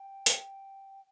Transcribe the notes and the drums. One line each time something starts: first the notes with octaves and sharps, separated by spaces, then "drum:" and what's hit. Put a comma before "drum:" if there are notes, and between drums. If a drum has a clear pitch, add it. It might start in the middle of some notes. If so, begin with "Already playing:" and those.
Already playing: G5
drum: hi-hat